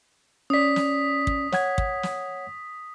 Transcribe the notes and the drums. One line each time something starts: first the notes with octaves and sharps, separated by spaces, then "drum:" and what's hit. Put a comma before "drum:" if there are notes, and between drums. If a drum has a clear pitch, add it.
C#4 D5 D#6 B6
drum: snare
drum: kick
C#5 F#5 G#6, drum: snare
drum: kick
drum: snare